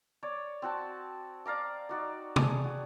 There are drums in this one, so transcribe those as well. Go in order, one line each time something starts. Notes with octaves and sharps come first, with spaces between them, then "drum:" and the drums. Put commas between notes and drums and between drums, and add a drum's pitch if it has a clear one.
C#5 D5
C4 F#4 A5
D5 F5 A#5 D6
D#4 F#4 D5
D4 G#4, drum: tom
F#4